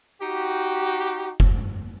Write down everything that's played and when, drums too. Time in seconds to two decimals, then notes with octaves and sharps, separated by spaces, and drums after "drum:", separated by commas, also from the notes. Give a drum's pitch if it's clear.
0.22 D#4 F#4 G4
1.40 drum: kick F1